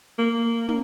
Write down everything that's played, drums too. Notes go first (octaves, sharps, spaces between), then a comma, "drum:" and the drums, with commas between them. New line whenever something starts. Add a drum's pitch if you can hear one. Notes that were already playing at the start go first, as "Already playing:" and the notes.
A#3
A#3, drum: tom